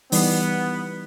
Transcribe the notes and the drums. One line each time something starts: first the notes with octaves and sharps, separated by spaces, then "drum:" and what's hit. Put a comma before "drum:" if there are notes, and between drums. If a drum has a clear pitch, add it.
E3 G3 B3 D#4, drum: open hi-hat